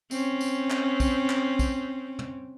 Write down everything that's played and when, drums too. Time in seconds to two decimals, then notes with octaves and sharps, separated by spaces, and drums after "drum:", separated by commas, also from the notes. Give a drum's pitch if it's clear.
0.11 C4 C#4, drum: tambourine
0.41 drum: tambourine
0.70 drum: clap
1.00 drum: kick, tambourine
1.30 drum: clap
1.59 drum: kick, tambourine
2.19 drum: tom